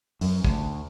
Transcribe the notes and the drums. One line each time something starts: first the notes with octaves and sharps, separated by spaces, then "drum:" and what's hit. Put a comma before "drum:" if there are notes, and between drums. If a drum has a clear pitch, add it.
F#2, drum: open hi-hat
D2, drum: kick